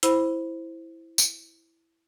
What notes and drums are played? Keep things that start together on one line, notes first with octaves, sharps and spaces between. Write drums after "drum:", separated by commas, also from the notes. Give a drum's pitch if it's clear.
E4 C5 B5, drum: hi-hat
drum: tambourine